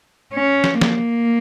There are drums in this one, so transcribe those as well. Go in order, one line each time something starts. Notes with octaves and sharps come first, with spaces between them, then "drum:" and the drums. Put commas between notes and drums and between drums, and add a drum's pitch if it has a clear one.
C#4
drum: snare
A#3, drum: snare